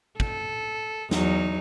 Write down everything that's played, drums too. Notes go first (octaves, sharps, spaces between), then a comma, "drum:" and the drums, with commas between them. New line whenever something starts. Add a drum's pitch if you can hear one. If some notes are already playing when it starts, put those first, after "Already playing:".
A4, drum: kick
E2 F#3 D#4, drum: snare